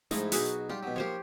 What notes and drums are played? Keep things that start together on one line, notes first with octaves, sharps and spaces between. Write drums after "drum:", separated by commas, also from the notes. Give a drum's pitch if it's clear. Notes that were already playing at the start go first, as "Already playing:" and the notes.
G#2 F3 A3 D#4 E4, drum: snare
B1 D#4 F#4 G#4 B5, drum: open hi-hat
G3 F4 G4
B2 F#3
F3 A#3 G4 C5 C#5